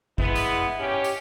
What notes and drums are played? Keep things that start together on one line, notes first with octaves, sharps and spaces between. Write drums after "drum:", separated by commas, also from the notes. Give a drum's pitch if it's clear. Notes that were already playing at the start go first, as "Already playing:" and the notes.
G#3 B3 E4, drum: kick G#1
drum: tambourine
C#4 G4
drum: tambourine